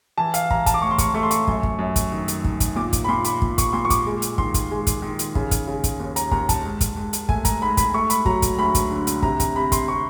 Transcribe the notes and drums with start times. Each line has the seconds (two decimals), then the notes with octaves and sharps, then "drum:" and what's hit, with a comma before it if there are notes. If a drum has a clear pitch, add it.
0.18 E3 A5
0.34 F5, drum: hi-hat
0.50 E3 A#5, drum: kick
0.66 A5, drum: kick, hi-hat
0.74 D6
0.82 A2 C#6
0.91 C6
0.98 C#6, drum: kick, hi-hat
1.14 A3 C#6
1.23 C6
1.31 C#6, drum: hi-hat
1.47 F#2, drum: kick
1.63 drum: kick
1.79 F#2
1.96 drum: kick, hi-hat
2.12 D#3
2.28 drum: hi-hat
2.44 D#3, drum: kick
2.60 drum: kick, hi-hat
2.76 A#2 D6
2.93 drum: kick, hi-hat
3.04 B5
3.08 A#2 C6
3.24 B5, drum: hi-hat
3.42 A#2, drum: kick
3.58 C#6, drum: kick, hi-hat
3.73 A#2 C6
3.85 C#6
3.90 D6, drum: kick, hi-hat
4.06 G#3
4.22 drum: hi-hat
4.38 D#3 C6, drum: kick
4.54 drum: kick, hi-hat
4.71 G#3
4.87 drum: kick, hi-hat
5.02 D#3
5.19 drum: hi-hat
5.35 C#3, drum: kick
5.51 drum: kick, hi-hat
5.67 C#3
5.84 drum: kick, hi-hat
6.00 D#2
6.16 A#5, drum: hi-hat
6.31 D#2 A#5, drum: kick
6.49 A5, drum: kick, hi-hat
6.64 G#2
6.81 drum: kick, hi-hat
6.96 G#2
7.13 drum: hi-hat
7.29 A3 G#5, drum: kick
7.45 A#5, drum: kick, hi-hat
7.62 G#2 B5
7.77 B5, drum: kick, hi-hat
7.94 A3 C#6
8.10 B5, drum: hi-hat
8.25 F#3 A#5, drum: kick
8.42 drum: kick, hi-hat
8.58 D2 B5
8.75 drum: kick, hi-hat
8.91 D3
9.07 drum: hi-hat
9.22 C3 A#5, drum: kick
9.40 A#5, drum: kick, hi-hat
9.56 C3 B5
9.72 C6, drum: kick, hi-hat
9.88 C3 C#6